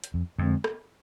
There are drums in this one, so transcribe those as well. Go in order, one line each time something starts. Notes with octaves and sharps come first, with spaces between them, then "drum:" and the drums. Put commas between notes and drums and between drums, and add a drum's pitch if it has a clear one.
drum: hi-hat
F2
F2 D3 G#3 C4
drum: rim click